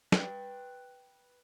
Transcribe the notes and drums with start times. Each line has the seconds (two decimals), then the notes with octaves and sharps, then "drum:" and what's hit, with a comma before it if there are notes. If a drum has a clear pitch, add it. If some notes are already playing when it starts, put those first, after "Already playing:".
0.12 B4 G5, drum: snare